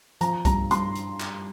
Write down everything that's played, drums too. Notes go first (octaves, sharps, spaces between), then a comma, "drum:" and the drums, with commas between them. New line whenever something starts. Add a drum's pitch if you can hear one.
F3 A#5, drum: hi-hat
G2 A#5, drum: kick B1, hi-hat
G2 C6, drum: hi-hat
drum: hi-hat
drum: clap